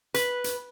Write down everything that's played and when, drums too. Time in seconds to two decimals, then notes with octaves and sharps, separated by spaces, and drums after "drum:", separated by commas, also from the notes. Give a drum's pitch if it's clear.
0.14 B4, drum: hi-hat
0.44 drum: hi-hat